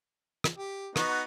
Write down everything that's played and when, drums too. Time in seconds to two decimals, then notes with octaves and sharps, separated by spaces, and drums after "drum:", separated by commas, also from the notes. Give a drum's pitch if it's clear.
0.44 drum: rim click
0.58 G4
0.96 B3 D#4 F#4, drum: rim click